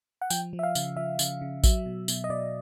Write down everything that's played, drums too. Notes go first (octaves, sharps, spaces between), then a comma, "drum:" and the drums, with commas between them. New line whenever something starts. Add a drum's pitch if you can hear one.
F#5
F3 G5, drum: tambourine
F3
E5
F5
C#3, drum: tambourine
F3 E5
C#3, drum: tambourine
C#3
F#3 E5, drum: kick A1, tambourine
B2
B2, drum: tambourine
D#5
B2 D5